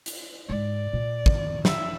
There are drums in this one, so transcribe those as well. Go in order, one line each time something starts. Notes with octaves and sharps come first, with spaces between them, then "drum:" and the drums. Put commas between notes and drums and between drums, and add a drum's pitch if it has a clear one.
drum: hi-hat
G#2 G#3 D5
A#2
D#3, drum: kick
E5, drum: snare